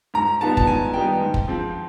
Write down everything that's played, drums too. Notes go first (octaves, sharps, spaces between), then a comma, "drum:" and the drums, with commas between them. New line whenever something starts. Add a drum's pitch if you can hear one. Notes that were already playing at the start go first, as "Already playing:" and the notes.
G#2 A#5
D#3 G3 B3 D#4 A5
A5, drum: kick
G#2 G#5
D#3 G3 B3 D#4 G5
G#2
drum: kick
F3 G#3 C4